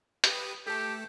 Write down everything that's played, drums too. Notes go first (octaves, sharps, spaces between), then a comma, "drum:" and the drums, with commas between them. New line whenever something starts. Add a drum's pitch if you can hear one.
G4 B4 D#6, drum: hi-hat
A3 G4 A4